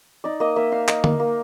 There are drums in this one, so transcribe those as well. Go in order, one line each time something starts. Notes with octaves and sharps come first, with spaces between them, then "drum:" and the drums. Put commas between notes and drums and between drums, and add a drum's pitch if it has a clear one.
D#4 D5
A#3 D#5
A#3 E5
D#4 F5
D#4 F5, drum: clap
A#3, drum: tom D3
A#3